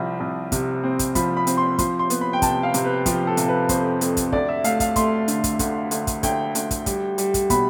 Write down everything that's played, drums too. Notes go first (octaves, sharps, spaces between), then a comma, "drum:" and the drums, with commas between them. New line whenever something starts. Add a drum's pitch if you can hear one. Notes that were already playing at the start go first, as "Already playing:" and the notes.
Already playing: C2 F3 C4 B5
C2
C3, drum: kick, hi-hat
C4
drum: kick, hi-hat
F3 B5, drum: kick, hi-hat
B5
C4, drum: hi-hat
C6
F3 C6, drum: kick, hi-hat
C6
B3, drum: hi-hat
B5
G5
C3 A5, drum: kick, hi-hat
F5
C3, drum: hi-hat
B4
F3 G4, drum: kick, hi-hat
A4
C3, drum: hi-hat
B4
F2 C5, drum: kick, hi-hat
F2, drum: hi-hat
drum: kick, hi-hat
D2 D5, drum: kick
E5
A3 F5, drum: hi-hat
F5, drum: kick, hi-hat
A3 C6, drum: kick, hi-hat
D3, drum: hi-hat
drum: kick, hi-hat
D2, drum: kick, hi-hat
D2, drum: hi-hat
drum: kick, hi-hat
D2 G5, drum: kick, hi-hat
D2, drum: hi-hat
drum: kick, hi-hat
G3, drum: kick, hi-hat
G3, drum: hi-hat
drum: kick, hi-hat
B2 B5, drum: kick, hi-hat